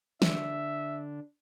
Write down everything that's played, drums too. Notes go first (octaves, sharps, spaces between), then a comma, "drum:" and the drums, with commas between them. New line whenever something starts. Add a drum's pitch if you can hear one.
D3 D4 E5, drum: snare